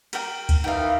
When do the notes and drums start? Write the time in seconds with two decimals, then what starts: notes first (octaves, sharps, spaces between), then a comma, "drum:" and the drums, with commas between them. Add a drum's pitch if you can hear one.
0.13 A#4 G5, drum: cymbal
0.49 drum: kick D2, cymbal
0.64 D#3 E3 D#4 F5 G5